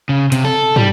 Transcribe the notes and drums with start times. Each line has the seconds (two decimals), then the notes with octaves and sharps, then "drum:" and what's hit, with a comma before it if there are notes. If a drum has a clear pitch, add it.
0.09 C#3
0.32 C3, drum: hi-hat
0.45 A4
0.76 G3, drum: tom